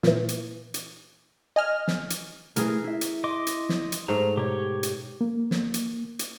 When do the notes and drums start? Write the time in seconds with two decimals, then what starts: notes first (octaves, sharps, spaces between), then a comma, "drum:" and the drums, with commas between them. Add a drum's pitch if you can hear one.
0.03 A#2 E3, drum: snare
0.29 drum: hi-hat
0.74 drum: hi-hat
1.56 D#5 G#5 F6
1.88 drum: snare
2.10 drum: hi-hat
2.56 B2 E3 A3 E4 G#4 A#4, drum: hi-hat
2.84 E4 E5
3.01 drum: hi-hat
3.24 D#5 C6 D6
3.47 drum: hi-hat
3.69 drum: snare
3.92 drum: hi-hat
4.08 G#2 A3 A#5
4.37 B2 G4 C#5
4.83 drum: hi-hat
5.21 A#3
5.51 drum: snare
5.74 drum: hi-hat
6.19 drum: hi-hat